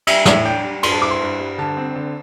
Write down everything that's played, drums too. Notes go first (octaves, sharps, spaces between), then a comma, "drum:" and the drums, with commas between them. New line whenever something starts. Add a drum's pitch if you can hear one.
G3 E5, drum: cymbal
A2 E5, drum: snare
D4 G5
G3
G2 C6, drum: cymbal
A5
E4 D6
C6
G2
G3
D3 A5
C4
D3